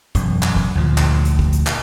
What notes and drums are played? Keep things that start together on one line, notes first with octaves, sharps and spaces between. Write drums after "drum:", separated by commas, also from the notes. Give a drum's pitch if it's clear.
E1 F#2, drum: kick, hi-hat
drum: clap
drum: kick
D2 A#2 F3
drum: clap
drum: hi-hat
drum: kick
drum: hi-hat
drum: clap